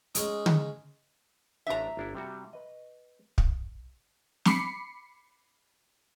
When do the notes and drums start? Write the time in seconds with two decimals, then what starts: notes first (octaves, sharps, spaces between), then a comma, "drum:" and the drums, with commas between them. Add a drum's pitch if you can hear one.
0.15 G#3 C#4 D#4, drum: hi-hat
0.46 drum: tom D3
1.67 A1 D4 D5 E5 A#5
1.97 G1 D4 E4
2.15 C3 G3 F#4
2.53 B4 D#5
3.38 drum: kick
4.45 B5 D6 C7 C#7, drum: snare